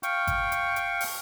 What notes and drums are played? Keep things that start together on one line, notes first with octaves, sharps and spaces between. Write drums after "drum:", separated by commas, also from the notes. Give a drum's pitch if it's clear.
F5 G5 C#6, drum: hi-hat
drum: kick G#1, hi-hat
drum: hi-hat
drum: hi-hat
drum: open hi-hat